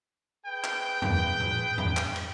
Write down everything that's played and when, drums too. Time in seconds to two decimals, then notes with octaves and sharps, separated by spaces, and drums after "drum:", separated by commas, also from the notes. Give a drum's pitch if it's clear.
0.45 G#4 B4 G5
0.64 drum: clap
1.02 drum: tom E2
1.40 drum: tom A2
1.78 drum: tom E2
1.97 drum: clap
2.16 drum: cymbal